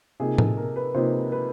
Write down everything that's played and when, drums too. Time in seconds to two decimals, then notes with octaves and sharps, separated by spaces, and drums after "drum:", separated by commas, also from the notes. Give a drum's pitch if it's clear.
0.20 C3 F3 A#3 D#4 G#4
0.38 A4, drum: tom A2
0.57 A#4
0.76 B4
0.94 C3 F3 A#3 D#4 C5
1.32 B4